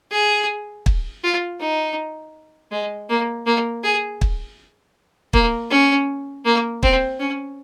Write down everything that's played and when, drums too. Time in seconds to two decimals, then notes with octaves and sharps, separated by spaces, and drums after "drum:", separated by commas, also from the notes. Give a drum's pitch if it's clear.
0.11 G#4
0.86 drum: kick
1.24 F4
1.60 D#4
2.72 G#3
3.10 A#3
3.46 A#3
3.84 G#4
4.21 drum: kick
5.33 A#3, drum: kick
5.71 C#4
6.45 A#3
6.83 C4, drum: kick
7.20 C#4